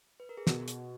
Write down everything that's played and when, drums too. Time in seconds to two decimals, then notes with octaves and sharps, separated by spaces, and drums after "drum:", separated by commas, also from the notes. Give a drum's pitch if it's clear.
0.20 B4
0.29 A#4
0.37 G#4
0.47 B2 F#4, drum: snare
0.68 drum: hi-hat